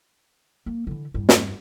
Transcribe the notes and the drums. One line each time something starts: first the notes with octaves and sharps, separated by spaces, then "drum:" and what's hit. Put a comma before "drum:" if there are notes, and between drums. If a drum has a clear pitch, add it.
A#3
D3 E3
E2 G2
drum: snare